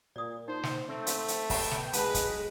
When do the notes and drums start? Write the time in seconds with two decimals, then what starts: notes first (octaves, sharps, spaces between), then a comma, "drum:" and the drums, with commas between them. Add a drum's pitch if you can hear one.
0.16 A#2 D5 D#6
0.48 D#4 C5
0.63 drum: snare
0.88 A3 C4
1.07 drum: hi-hat
1.28 drum: hi-hat
1.50 B3 G4 F#5 G5, drum: kick, open hi-hat
1.71 drum: snare
1.93 B1 G#3 B4 A5 B5, drum: hi-hat
2.14 drum: kick, hi-hat